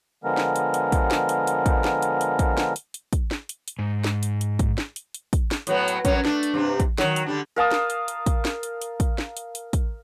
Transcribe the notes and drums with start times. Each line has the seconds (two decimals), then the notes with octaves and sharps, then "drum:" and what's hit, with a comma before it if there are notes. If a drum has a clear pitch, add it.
0.24 D3 F3 G#3 B3 A#4
0.37 drum: snare
0.56 drum: hi-hat
0.74 drum: hi-hat
0.92 drum: kick, hi-hat
1.11 drum: snare
1.29 drum: hi-hat
1.47 drum: hi-hat
1.66 drum: kick, hi-hat
1.84 drum: snare
2.02 drum: hi-hat
2.21 drum: hi-hat
2.39 drum: kick, hi-hat
2.58 drum: snare
2.76 drum: hi-hat
2.94 drum: hi-hat
3.13 drum: kick, hi-hat
3.31 drum: snare
3.49 drum: hi-hat
3.68 drum: hi-hat
3.79 G#2
4.04 drum: snare
4.23 drum: hi-hat
4.41 drum: hi-hat
4.59 drum: kick, hi-hat
4.78 drum: snare
4.96 drum: hi-hat
5.14 drum: hi-hat
5.33 drum: kick, hi-hat
5.51 drum: snare
5.67 A2 F#3 B3, drum: hi-hat
5.88 drum: hi-hat
6.05 F#2 F#3 C#4, drum: kick, hi-hat
6.25 A3 D4, drum: snare
6.43 drum: hi-hat
6.54 G2 C3 D4
6.80 drum: kick, hi-hat
6.98 D#3 F#3, drum: snare
7.16 drum: hi-hat
7.26 D3 G3 D4
7.56 A#4 F5 A5 D#6
7.71 drum: snare
7.90 drum: hi-hat
8.08 drum: hi-hat
8.26 drum: kick, hi-hat
8.45 drum: snare
8.63 drum: hi-hat
8.82 drum: hi-hat
9.00 drum: kick, hi-hat
9.18 drum: snare
9.37 drum: hi-hat
9.55 drum: hi-hat
9.73 drum: kick, hi-hat